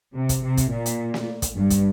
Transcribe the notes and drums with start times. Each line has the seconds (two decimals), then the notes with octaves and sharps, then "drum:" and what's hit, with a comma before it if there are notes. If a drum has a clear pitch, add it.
0.15 C3
0.29 drum: kick, hi-hat
0.43 C3
0.57 drum: kick, hi-hat
0.71 A#2
0.86 drum: hi-hat
1.14 drum: snare
1.42 drum: kick, hi-hat
1.56 G2
1.70 drum: kick, hi-hat